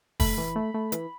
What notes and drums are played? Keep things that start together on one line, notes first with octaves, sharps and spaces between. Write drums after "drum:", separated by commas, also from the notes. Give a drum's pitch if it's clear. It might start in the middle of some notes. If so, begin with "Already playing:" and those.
A3 B5, drum: kick, open hi-hat
E3
A3
A3
E3, drum: hi-hat